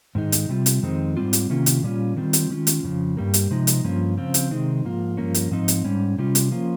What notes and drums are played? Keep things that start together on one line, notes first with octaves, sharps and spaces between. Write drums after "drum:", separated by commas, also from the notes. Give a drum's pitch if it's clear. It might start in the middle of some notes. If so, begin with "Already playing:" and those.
G#2 D#3 G#3 D#4
drum: hi-hat
C3 G3 C4 F4
drum: hi-hat
F2 D#3 G#3 C4 D#4
G#2 G3 C4 F4
drum: hi-hat
C3 D#3 A#3 C#4 F4
drum: hi-hat
A#2 G3 C#4 F4
D#3 G3 C4 F4
drum: hi-hat
D#3 G#3 C#4 F4
drum: hi-hat
F2 C#3 F3
G2 G3 A#3
drum: hi-hat
C3 F3 G#3 D#4
drum: hi-hat
G2 F3 A#3 C#4 F4
C#3 F3 C4 F4
drum: hi-hat
C3 D#3 G#3 C4 D#4
G#2 F3 A#3 F4
G2 F3 A#3 C#4
drum: hi-hat
G#2 F3 C4 D#4
drum: hi-hat
G#2 G3 C#4
C3 G3 C#4 F4
drum: hi-hat
F3 A#3 C#4 F4